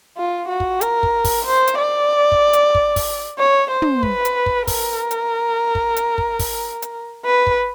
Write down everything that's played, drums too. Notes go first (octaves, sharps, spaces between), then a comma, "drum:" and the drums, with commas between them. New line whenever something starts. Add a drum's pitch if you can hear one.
F4
F#4
drum: kick
A#4, drum: hi-hat
drum: kick
drum: kick, open hi-hat
C5
drum: hi-hat
D5
drum: kick
drum: hi-hat
drum: kick
drum: kick, open hi-hat
C#5
C5
drum: tom
B4, drum: kick
drum: hi-hat
drum: kick
A#4, drum: kick, open hi-hat
drum: hi-hat
drum: kick
drum: hi-hat
drum: kick
drum: kick, open hi-hat
drum: hi-hat
B4
drum: kick